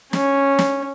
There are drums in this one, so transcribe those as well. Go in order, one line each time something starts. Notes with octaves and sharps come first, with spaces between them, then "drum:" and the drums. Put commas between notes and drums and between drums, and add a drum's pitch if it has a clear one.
C#4, drum: snare
drum: snare